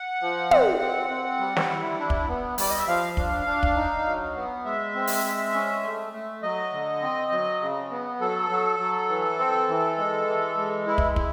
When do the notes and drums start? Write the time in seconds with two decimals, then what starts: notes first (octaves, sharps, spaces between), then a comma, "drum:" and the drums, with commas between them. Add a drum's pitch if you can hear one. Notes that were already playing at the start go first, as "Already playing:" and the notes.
Already playing: F#5
0.22 F3
0.51 C4, drum: tom
0.81 C4
1.10 C4
1.40 G3
1.57 drum: snare
1.70 E4
1.99 D4
2.10 drum: kick
2.28 B3
2.58 G3 D5, drum: open hi-hat
2.69 D#5
2.79 E5
2.88 F3 F5
3.17 D4, drum: kick
3.47 D4
3.63 drum: kick
3.77 D#4
4.06 F#3
4.36 B3
4.65 G#3 E5
4.95 C4
5.07 drum: open hi-hat
5.25 G#3
5.54 C#4
5.84 A3
6.13 A3
6.43 F#3 D#5
6.72 D3
7.02 C4
7.32 F#3
7.61 C#3
7.91 B3
8.21 F#3 A4
8.50 F#3
8.80 F#3
9.09 E3
9.39 C4
9.69 E3
9.98 G#3
10.27 E3
10.57 G#3
10.87 E4
10.98 drum: kick
11.16 E4, drum: kick